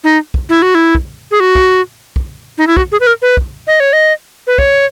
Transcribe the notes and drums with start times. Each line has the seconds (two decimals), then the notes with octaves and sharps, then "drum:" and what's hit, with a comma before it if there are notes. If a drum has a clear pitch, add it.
0.04 D#4
0.34 drum: kick
0.49 E4
0.62 F#4
0.75 E4
0.95 drum: kick
1.31 G#4
1.40 F#4
1.55 drum: kick
2.16 drum: kick
2.58 D#4
2.67 E4
2.77 F#4, drum: kick
2.92 G#4
3.00 B4
3.07 A#4
3.22 B4
3.37 drum: kick
3.67 D#5
3.80 C#5
3.93 D#5
4.47 B4
4.58 C#5, drum: kick